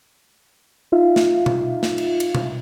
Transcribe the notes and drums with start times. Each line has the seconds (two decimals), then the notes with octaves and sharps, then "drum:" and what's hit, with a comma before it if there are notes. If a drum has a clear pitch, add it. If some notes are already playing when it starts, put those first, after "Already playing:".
0.92 D#4 F4 E5 F5
1.16 drum: snare
1.46 drum: tom B2
1.83 drum: snare
1.98 drum: cymbal
2.20 drum: cymbal
2.35 drum: tom B2